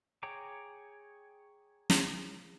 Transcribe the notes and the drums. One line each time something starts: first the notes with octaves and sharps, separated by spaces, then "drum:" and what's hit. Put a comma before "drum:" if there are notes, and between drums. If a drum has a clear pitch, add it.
G#4 C#5 G5 A#5 D6
drum: snare